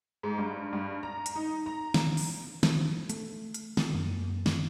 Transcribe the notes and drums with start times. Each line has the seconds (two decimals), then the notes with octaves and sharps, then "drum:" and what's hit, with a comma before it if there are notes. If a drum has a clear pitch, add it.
0.23 G#2
0.38 G2
0.73 G2
1.03 A#5
1.26 drum: hi-hat
1.35 D#4
1.66 A#5
1.94 drum: snare
2.17 drum: open hi-hat
2.63 drum: snare
3.10 A3, drum: hi-hat
3.54 drum: hi-hat
3.77 drum: snare
3.93 F#2 A#3
4.46 drum: snare